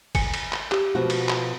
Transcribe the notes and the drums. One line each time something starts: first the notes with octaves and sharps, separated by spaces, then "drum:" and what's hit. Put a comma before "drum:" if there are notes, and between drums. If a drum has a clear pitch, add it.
G#5 C#7, drum: kick, cymbal
drum: cymbal
drum: clap
G4, drum: clap
B2 F3 F#4
drum: cymbal
drum: clap